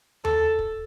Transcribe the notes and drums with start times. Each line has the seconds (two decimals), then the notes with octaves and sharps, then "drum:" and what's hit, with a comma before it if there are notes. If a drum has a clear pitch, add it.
0.25 A4, drum: tom D#2
0.59 drum: kick